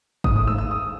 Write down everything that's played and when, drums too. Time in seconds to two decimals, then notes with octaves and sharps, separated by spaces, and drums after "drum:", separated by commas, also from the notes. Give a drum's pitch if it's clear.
0.24 G#2 D#6, drum: kick
0.36 A2 D#6
0.47 G#2 E6
0.58 E6
0.71 G#2 D#6